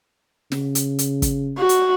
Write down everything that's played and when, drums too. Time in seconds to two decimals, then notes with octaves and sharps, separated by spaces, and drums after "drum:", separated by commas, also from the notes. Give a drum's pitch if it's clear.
0.52 C#3, drum: snare
0.75 drum: hi-hat
0.99 drum: hi-hat
1.22 drum: kick, hi-hat
1.58 F#4
1.69 drum: hi-hat